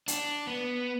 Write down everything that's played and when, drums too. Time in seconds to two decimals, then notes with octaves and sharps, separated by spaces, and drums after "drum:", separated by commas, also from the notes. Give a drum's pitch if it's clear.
0.08 D4, drum: hi-hat
0.47 B3